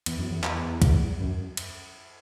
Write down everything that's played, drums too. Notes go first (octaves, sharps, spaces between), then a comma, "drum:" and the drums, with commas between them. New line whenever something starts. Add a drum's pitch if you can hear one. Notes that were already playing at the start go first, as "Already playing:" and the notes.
E2, drum: cymbal
F#2
E2
drum: clap
drum: kick, cymbal
F#2
drum: cymbal